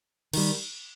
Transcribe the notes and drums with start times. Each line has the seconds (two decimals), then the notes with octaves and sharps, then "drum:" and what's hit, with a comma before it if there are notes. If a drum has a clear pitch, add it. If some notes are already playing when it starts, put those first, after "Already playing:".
0.33 D#3 G3, drum: cymbal